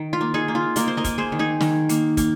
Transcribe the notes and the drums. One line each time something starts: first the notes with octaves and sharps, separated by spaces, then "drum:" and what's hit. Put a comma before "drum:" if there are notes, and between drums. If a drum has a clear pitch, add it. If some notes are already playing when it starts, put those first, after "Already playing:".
Already playing: D#3
F4
A#3
D#4 G#4
A#3
F4
A#3 A#4 D#5, drum: hi-hat
C5
A#4 D#5
A#3, drum: kick, hi-hat
G#4 C5
D#3
D#4 G#4
D#3, drum: snare
A#3, drum: hi-hat
A#3, drum: kick, hi-hat